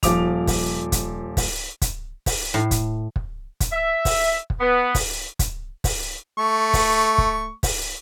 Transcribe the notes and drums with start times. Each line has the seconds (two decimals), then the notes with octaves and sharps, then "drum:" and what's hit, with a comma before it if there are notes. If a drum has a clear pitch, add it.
0.03 D#1 F3 D6 F7, drum: kick, hi-hat
0.47 drum: kick, open hi-hat
0.92 drum: kick, hi-hat
1.37 drum: kick, open hi-hat
1.82 drum: kick, hi-hat
2.26 drum: kick, open hi-hat
2.54 A2
2.71 drum: kick, hi-hat
3.16 drum: kick
3.60 drum: kick, hi-hat
3.72 E5
4.05 drum: kick, open hi-hat
4.50 drum: kick
4.60 B3
4.95 drum: kick, open hi-hat
5.39 drum: kick, hi-hat
5.84 drum: kick, open hi-hat
6.38 A3 C#6
6.73 drum: kick, open hi-hat
7.18 drum: kick
7.63 drum: kick, open hi-hat